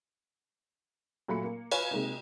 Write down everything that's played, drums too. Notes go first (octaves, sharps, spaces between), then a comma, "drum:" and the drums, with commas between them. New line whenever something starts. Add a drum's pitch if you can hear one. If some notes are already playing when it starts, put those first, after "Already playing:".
A#2 F#3 A3 B5 C#7
A#3
B4 C#5 F5 G#5, drum: cymbal
C3 G#3 A#3 D#4